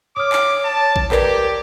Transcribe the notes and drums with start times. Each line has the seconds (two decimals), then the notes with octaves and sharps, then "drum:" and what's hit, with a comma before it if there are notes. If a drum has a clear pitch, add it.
0.17 C#5 D6 D#6 F6
0.32 drum: clap
0.64 A5
0.96 drum: kick A#1
1.12 G4 A#4 B4 D5 G#6, drum: clap